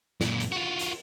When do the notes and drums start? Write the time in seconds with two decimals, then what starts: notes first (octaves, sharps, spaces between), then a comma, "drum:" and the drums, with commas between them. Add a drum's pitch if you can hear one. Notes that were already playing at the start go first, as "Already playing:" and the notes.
0.21 F#2 A#2, drum: snare
0.40 drum: hi-hat
0.52 F4 F#4
0.79 drum: hi-hat